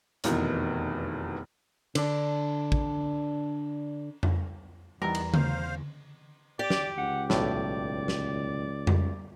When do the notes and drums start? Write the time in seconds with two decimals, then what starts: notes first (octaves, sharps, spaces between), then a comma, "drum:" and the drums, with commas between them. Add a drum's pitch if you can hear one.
0.24 F1 E2 B2 D#3, drum: hi-hat
1.95 D3 D4, drum: cymbal
2.72 drum: kick
4.23 drum: tom F2
5.02 E2 D#3 E3 G3 B3 A#4
5.15 drum: cymbal
5.34 C5 F5, drum: tom C#3
6.59 G4 D5
6.70 drum: snare
6.98 C#2 F#5
7.30 B1 A2 D5, drum: snare
8.08 drum: snare
8.87 drum: tom F2